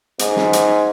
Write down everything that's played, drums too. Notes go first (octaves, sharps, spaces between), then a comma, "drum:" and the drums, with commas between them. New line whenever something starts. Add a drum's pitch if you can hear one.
G#2, drum: hi-hat
drum: snare
drum: hi-hat